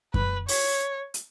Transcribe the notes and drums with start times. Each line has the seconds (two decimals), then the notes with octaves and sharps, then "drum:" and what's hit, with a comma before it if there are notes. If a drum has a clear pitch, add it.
0.14 B4, drum: kick F#2
0.48 C#5, drum: open hi-hat
1.14 drum: hi-hat